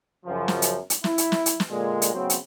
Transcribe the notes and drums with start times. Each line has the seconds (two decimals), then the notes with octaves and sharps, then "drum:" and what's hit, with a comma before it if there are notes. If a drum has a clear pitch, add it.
0.26 F#2 C#3 F3
0.48 drum: snare
0.62 drum: hi-hat
0.90 drum: hi-hat
1.04 E4, drum: snare
1.18 drum: hi-hat
1.32 drum: snare
1.46 drum: hi-hat
1.60 drum: snare
1.70 A#2 D3 G#3
2.02 drum: hi-hat
2.12 A2 C#3 F#3 B3 C4
2.30 drum: hi-hat